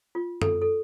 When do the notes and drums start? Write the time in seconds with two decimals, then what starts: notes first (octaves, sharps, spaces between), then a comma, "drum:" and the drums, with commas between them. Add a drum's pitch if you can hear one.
0.15 F4
0.42 A4, drum: tom F#2
0.62 A4